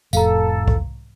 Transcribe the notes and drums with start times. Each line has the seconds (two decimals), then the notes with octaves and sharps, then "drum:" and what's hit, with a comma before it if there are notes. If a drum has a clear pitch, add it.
0.13 F1 A2 A4 F5 A#5, drum: tambourine
0.68 drum: kick C2